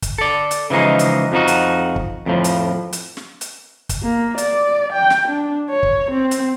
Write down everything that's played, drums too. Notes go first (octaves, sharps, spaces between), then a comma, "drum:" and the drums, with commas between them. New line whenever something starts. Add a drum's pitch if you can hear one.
drum: kick, hi-hat
A4 D5
drum: hi-hat
C#3 E3 F3 G#3 D#4
drum: hi-hat
F2 F3 D#4 F#4
drum: hi-hat
drum: kick
F2 A2 F3
drum: hi-hat
drum: hi-hat
drum: snare
drum: hi-hat
drum: kick, hi-hat
A#3
D5, drum: hi-hat
G5
drum: snare
D4
C#5
drum: kick
C4
drum: hi-hat